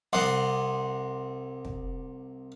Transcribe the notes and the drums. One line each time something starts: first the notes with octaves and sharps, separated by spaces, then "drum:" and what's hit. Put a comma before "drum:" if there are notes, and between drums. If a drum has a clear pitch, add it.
C2 D5 D#5 F#5 C6 D#6
drum: kick